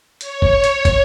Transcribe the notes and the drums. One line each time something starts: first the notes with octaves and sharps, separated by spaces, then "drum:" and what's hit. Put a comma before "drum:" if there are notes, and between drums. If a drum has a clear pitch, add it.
C#5, drum: hi-hat
drum: kick
drum: hi-hat
drum: kick, hi-hat